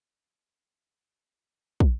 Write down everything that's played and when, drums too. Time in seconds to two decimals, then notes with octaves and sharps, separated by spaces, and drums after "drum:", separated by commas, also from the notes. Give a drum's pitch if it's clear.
0.05 D#4
0.33 A#4
0.48 F5
0.74 C6
0.90 F#5
1.06 F4
1.23 C5
1.35 E4
1.50 D#5
1.80 D#5, drum: kick